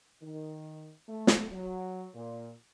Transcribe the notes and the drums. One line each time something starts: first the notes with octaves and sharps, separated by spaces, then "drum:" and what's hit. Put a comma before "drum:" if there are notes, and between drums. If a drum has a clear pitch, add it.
D#3
A3
drum: snare
F#3
A#2